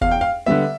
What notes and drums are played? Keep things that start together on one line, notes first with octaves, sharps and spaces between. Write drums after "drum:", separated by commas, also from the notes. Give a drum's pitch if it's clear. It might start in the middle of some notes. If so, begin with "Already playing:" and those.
E2 F5, drum: kick
G5
F5
D3 G3 B3 E5